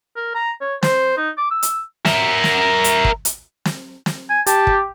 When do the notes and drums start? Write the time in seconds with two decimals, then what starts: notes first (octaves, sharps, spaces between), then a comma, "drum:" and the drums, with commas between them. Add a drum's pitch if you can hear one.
0.16 A#4
0.35 A#5
0.61 C#5
0.83 C5, drum: snare
1.17 D#4
1.37 D6
1.51 E6
1.63 drum: hi-hat
2.06 A#4 E5, drum: snare
2.44 drum: snare
2.84 drum: hi-hat
3.05 drum: kick
3.25 drum: hi-hat
3.65 drum: snare
4.06 drum: snare
4.30 G#5
4.46 G4 A5, drum: hi-hat
4.67 drum: kick